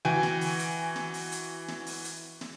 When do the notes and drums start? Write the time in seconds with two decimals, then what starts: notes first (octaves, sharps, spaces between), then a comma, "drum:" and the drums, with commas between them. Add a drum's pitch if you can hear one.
0.05 E3 F#4 G5 G#5, drum: tom D3
0.23 drum: snare
0.41 drum: open hi-hat
0.59 drum: hi-hat
0.96 drum: snare
1.14 drum: open hi-hat
1.32 drum: hi-hat
1.68 drum: snare
1.86 drum: open hi-hat
2.05 drum: hi-hat
2.41 drum: snare